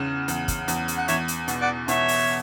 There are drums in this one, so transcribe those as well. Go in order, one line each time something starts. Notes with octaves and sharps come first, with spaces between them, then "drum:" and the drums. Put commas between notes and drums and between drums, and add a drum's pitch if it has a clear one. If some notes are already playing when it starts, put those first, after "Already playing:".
Already playing: E2 C#3
E2, drum: hi-hat
drum: kick, hi-hat
E2, drum: hi-hat
drum: hi-hat
F#5
E2 C#5 E5, drum: hi-hat
drum: hi-hat
B2, drum: hi-hat
D5 F#5
B2 C#5 E5, drum: hi-hat
drum: open hi-hat